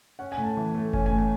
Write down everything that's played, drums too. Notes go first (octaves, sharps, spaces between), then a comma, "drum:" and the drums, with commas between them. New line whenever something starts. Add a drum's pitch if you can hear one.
C#4 F#5
G#5
A2
A5
E3
A3
C#4 G#5, drum: kick F#1
G#5
A2
G#5